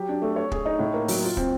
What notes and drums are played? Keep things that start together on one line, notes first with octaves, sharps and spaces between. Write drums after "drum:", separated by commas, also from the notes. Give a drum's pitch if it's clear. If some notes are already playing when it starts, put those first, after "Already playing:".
Already playing: F#3 G4
D4
A3
C#5
G#4, drum: kick
D#4
A2
A#3
F#3, drum: open hi-hat
F4
C4, drum: kick